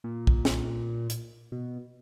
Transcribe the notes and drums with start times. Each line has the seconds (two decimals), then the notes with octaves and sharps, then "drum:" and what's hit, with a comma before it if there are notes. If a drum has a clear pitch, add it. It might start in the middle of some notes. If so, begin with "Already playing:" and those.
0.04 A#2
0.27 drum: kick
0.45 drum: snare
1.10 drum: hi-hat
1.52 B2